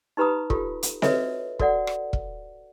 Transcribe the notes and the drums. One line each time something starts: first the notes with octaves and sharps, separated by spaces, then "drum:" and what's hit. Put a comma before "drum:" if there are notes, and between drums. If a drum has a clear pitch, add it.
D#4 G4 B4 A#5 B5 D#6
F4 G4 A4, drum: kick
drum: hi-hat
F#4 A4 B4 C#5 D#5 E5, drum: snare C4
F#4 A4 D5 F#5, drum: kick
drum: rim click
drum: kick